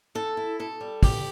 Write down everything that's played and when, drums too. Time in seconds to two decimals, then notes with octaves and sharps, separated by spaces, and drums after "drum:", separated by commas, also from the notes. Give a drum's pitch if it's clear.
0.15 E2 A4
0.37 E4
0.59 B2 A4
0.81 G3
1.03 E2 G4, drum: kick, open hi-hat